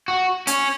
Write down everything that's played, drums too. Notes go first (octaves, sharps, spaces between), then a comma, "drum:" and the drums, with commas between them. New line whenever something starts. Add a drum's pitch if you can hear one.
F#4
C#4, drum: hi-hat